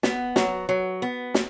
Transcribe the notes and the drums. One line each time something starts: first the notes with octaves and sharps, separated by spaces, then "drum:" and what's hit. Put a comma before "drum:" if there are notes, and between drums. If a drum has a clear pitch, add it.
B3, drum: snare
F#3, drum: snare
F#3
B3
drum: snare